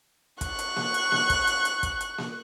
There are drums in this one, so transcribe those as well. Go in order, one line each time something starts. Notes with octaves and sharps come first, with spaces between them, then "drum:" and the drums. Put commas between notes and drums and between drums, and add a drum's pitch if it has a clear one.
C#6 F#6, drum: kick, hi-hat
drum: hi-hat
drum: snare A#3
drum: hi-hat
drum: snare A#3
drum: kick, hi-hat
drum: hi-hat
drum: hi-hat
drum: kick, hi-hat
drum: hi-hat
drum: snare A#3